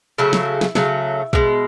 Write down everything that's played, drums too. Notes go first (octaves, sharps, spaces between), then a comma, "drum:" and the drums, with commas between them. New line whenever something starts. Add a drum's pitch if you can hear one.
C#3 F#3 A3 E4
drum: snare
drum: snare
C#3 F#3 A3, drum: snare
B2 G#3, drum: kick